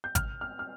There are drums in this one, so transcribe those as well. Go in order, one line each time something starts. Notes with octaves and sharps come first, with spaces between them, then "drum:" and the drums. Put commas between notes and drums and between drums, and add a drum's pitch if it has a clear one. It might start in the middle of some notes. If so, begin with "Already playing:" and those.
G6
F6, drum: kick G#1, hi-hat
F6
F6